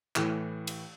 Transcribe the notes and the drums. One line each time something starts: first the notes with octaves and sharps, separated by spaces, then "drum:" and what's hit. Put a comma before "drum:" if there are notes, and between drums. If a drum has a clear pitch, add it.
A2 E3, drum: clap
drum: cymbal